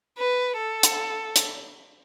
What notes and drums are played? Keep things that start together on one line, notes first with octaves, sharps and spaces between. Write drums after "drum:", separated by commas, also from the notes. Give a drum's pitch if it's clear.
B4
A4
drum: hi-hat
drum: hi-hat